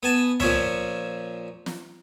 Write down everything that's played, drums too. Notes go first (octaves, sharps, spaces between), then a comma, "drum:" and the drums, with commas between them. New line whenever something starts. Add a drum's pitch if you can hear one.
B3 G#5 A5
A#2 F3 C#4 C#5 E5, drum: tom C#2
drum: snare